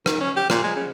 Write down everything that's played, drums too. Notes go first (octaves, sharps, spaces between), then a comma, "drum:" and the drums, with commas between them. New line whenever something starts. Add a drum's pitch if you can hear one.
D#3, drum: rim click
C#4
G4
A#2, drum: rim click
G#3
C#3